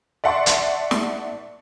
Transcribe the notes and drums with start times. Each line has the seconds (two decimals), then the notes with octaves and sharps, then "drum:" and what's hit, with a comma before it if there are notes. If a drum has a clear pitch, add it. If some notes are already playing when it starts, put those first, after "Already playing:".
0.24 D5 E5 F#5 A5 C6 C#6
0.46 drum: hi-hat
0.91 drum: snare